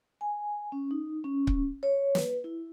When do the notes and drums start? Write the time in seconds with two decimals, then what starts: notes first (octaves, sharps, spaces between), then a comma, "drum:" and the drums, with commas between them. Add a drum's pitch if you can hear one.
0.21 G#5
0.72 C#4
0.91 D#4
1.24 C#4
1.47 drum: kick C#1
1.83 C#5
2.15 B4, drum: snare
2.44 E4